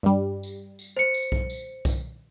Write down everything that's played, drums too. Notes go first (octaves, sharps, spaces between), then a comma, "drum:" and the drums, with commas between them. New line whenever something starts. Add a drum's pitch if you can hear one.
G2 G3
drum: tambourine
drum: tambourine
C5 C#7
drum: tambourine
drum: kick B1
drum: tambourine
drum: kick B1, tambourine